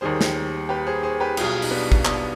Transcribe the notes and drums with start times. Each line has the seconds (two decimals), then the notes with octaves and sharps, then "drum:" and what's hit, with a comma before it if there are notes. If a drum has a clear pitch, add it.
0.01 D#2 D#3 G3 G#4 C5
0.21 drum: snare
0.69 G4 B4
0.87 G#4 C5
1.03 G#4 C5
1.20 G4 B4
1.37 B1 B2 G3 F4 G#4, drum: cymbal
1.62 D#4, drum: open hi-hat
1.71 B3 D4
1.92 drum: kick
2.05 B3 D4, drum: clap